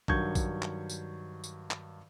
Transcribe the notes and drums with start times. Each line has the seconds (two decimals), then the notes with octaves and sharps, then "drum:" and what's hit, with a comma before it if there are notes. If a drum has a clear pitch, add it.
0.08 G2 D#3 F#3 C#6 G6 G#6, drum: kick A#1
0.35 drum: kick A#1, tambourine
0.62 drum: clap
0.90 drum: tambourine
1.44 drum: tambourine
1.71 drum: clap